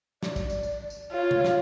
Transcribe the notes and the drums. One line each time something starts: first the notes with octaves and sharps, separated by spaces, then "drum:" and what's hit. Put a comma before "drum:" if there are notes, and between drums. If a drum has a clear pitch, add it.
D5, drum: snare
drum: kick, tambourine
drum: tambourine
drum: tambourine
drum: tambourine
F4 C#5
drum: tom
drum: snare